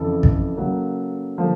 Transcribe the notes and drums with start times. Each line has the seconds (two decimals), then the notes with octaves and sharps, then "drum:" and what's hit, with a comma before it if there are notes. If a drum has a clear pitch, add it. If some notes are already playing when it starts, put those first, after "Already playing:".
Already playing: F2 C#3 E3 A4
0.23 drum: kick
0.57 C#3 F#3 A#3
1.37 D3 F3 A#3